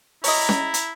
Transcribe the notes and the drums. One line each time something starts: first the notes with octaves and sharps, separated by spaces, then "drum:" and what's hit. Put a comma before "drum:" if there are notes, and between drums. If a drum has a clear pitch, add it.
E4 C#5 D#5 A#5, drum: open hi-hat
drum: snare C#4
drum: hi-hat